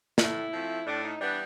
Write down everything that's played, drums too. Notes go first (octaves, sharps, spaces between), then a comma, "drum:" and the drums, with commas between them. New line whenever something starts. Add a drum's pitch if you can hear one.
A2 E4, drum: snare
F3 A3 C4
A2 D4
D#4
E3 G3 B3 D4